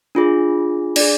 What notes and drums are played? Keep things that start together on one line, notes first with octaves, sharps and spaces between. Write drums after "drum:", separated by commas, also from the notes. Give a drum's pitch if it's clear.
D4 F4 G#4
D4 G#4 D5, drum: cymbal